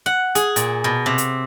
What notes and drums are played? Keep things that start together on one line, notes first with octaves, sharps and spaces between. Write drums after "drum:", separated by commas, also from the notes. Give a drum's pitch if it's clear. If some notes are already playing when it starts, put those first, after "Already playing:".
F#5
G#4, drum: hi-hat
A#2, drum: hi-hat
B2
C3
drum: hi-hat